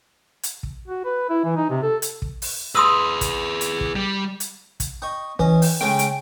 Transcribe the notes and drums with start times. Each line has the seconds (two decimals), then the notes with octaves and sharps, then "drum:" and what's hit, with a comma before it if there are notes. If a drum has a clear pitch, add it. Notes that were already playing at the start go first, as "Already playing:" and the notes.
0.43 drum: hi-hat
0.63 drum: kick
0.88 F#4
1.05 B4
1.30 E4
1.44 E3
1.56 D#4
1.70 C3
1.83 A4
2.02 drum: hi-hat
2.22 drum: kick
2.42 drum: open hi-hat
2.75 G#4 B4 C6 D#6 E6
3.21 drum: kick, hi-hat
3.61 drum: hi-hat
3.81 drum: kick
3.96 G3
4.40 drum: hi-hat
4.80 drum: kick, hi-hat
5.02 D#5 G5 C#6
5.39 E3 C#4 D#5, drum: kick
5.62 G5, drum: open hi-hat
5.81 C#3 G#3 A3 G5
5.99 drum: hi-hat